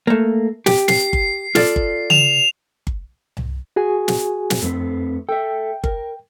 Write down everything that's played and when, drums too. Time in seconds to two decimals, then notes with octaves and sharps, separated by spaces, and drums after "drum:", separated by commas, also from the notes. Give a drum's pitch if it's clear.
0.07 A3 A#3
0.66 G4, drum: snare
0.88 C7, drum: snare
1.13 drum: kick G1
1.55 F4 A4 D5, drum: snare
1.76 drum: kick G1
2.10 E7 F7, drum: tom C#3
2.87 drum: kick G1
3.37 drum: tom C2
3.76 F#4 G#4 G#5
4.08 drum: snare
4.50 drum: snare
4.63 F2 A3 C4 B4
5.29 A4 E5 G5
5.84 A#4, drum: kick G1